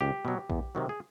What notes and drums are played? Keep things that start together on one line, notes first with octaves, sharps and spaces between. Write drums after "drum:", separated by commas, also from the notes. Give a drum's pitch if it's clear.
C#2 G4
B2 F#3
E2, drum: kick A#1
C3 D#3 F#3
G#4